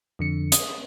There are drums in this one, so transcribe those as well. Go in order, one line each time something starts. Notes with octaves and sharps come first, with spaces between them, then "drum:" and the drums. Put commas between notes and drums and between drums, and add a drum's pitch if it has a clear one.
F2 D3 C#7
D#6, drum: hi-hat